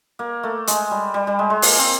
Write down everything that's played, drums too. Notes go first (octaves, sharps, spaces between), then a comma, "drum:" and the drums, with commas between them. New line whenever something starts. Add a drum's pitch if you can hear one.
A#3
A3
G#3, drum: hi-hat
G3
G3
G3
G#3
G#3
A#3, drum: open hi-hat
C4